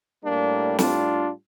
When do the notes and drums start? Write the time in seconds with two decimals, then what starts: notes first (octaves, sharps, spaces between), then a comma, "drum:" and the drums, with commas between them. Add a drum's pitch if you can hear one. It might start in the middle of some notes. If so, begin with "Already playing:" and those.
0.23 A2 G3 A#3 D4
0.79 D4 F4, drum: snare